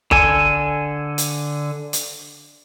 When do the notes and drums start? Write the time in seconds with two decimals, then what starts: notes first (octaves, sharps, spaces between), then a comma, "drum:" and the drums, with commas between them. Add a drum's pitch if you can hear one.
0.11 D3 A4 G#5, drum: kick G1
1.18 drum: hi-hat
1.93 drum: hi-hat